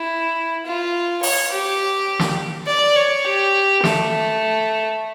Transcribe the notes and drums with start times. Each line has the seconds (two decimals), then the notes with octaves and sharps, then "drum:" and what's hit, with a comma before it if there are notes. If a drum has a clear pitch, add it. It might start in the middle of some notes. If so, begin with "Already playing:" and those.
Already playing: E4
0.66 F4
1.23 C#5, drum: open hi-hat
1.51 G4
2.19 drum: snare
2.68 D5
2.96 C#5
3.25 G4
3.84 A3, drum: snare